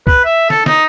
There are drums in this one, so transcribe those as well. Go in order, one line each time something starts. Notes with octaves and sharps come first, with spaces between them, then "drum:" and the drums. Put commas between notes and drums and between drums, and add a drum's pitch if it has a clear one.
B4, drum: kick
E5
A4, drum: snare
D#4, drum: snare